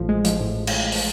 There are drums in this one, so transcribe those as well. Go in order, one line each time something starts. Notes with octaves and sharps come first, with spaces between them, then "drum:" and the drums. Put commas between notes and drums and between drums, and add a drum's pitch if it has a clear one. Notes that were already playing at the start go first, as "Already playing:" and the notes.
Already playing: A1 F3
G#3
F3, drum: hi-hat
A2
drum: cymbal
drum: open hi-hat